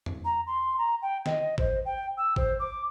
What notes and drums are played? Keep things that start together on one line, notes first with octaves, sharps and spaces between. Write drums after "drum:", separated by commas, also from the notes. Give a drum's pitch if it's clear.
drum: tom E2
A#5
C6
A#5
G5
D#5, drum: snare
C5, drum: kick
G5
E6
C5, drum: kick
D6